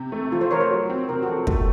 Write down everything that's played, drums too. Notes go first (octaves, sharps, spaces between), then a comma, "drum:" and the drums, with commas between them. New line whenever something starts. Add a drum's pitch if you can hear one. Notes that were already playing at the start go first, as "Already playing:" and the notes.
Already playing: C3
A3
F3 F4
C5
F3 A#4 C#5
C5
F#3
C4
C3 A#4
F#4
F3 A4
A3, drum: kick